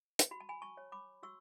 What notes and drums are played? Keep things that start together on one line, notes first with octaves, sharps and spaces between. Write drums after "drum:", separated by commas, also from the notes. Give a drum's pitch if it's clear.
drum: hi-hat
F#4 B5
A5
G#5 B5
A5 C#6
C#5
B5 D6
F#4 C#6 E6